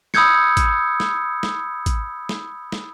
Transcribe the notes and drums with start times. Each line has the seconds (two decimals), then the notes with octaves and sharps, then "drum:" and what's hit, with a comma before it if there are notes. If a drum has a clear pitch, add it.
0.14 B5 D#6 E6 G6 G#6 C#7, drum: snare
0.57 drum: kick, hi-hat
1.00 drum: snare
1.43 drum: snare
1.86 drum: kick, hi-hat
2.29 drum: snare
2.72 drum: snare